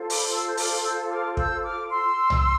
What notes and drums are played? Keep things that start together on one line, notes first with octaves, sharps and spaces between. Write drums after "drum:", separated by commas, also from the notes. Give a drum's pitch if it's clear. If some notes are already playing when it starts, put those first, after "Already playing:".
Already playing: F4 A4 C5
B5 D6, drum: open hi-hat
C6 E6
G6
D6 F6, drum: open hi-hat
E6 G6
D6 F6
E6 G6, drum: kick
D6 F6
C6 E6
drum: tom C2